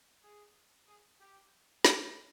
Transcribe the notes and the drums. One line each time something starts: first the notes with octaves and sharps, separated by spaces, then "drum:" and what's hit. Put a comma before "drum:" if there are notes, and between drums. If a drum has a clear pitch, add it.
G#4
G#4
G4
G4, drum: snare